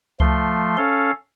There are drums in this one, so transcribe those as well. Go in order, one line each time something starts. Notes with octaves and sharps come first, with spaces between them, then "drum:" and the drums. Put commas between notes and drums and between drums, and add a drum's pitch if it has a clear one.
F3 A3 C6, drum: kick C#2
C#4 A4 F5